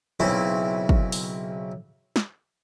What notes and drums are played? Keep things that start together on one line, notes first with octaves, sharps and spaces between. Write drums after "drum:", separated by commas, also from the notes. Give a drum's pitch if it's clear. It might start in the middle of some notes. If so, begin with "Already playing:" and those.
B1 C#3 C4 E4
drum: kick
drum: open hi-hat
drum: snare